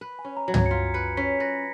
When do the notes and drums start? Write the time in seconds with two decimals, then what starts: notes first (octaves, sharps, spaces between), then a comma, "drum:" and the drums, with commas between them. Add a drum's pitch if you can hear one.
0.01 B4
0.19 G#5
0.25 C#4
0.37 A#5
0.48 F#3
0.54 G#6, drum: tom
0.66 C#7
0.71 F4 B6
0.94 B4 C#7
1.17 C#4 B6
1.40 B4 A#6